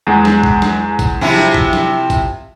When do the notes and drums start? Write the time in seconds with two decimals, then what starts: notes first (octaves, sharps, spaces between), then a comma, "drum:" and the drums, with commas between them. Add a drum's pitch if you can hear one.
0.07 E2 G#3
0.25 drum: snare
0.44 drum: kick
0.62 drum: snare
0.99 drum: kick, tambourine
1.21 C3 F3 E4
1.36 drum: snare
1.55 drum: kick
1.73 drum: snare
2.10 drum: kick, tambourine